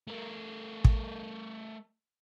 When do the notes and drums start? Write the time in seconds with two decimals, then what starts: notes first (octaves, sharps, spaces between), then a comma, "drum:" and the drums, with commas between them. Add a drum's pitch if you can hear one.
0.07 A3 A#4
0.85 drum: kick